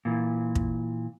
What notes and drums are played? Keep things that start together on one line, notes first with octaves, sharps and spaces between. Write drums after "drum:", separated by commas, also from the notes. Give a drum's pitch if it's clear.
A#2 E3
drum: kick